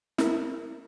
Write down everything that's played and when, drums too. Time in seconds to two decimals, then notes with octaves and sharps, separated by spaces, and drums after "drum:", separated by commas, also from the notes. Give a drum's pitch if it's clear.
0.18 E4 A#4, drum: snare